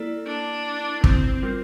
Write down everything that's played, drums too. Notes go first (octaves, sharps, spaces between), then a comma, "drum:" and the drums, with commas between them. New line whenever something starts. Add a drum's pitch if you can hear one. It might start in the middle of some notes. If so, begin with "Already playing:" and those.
Already playing: A#3 E4 A4 D5
D4
C4, drum: kick
G3 C4 F4 A#4